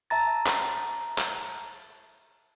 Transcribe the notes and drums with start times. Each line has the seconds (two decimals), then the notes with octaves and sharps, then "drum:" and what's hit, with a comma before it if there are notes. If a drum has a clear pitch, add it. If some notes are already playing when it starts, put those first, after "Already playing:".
0.10 E5 A5 A#5 A6
0.46 drum: clap
1.18 drum: clap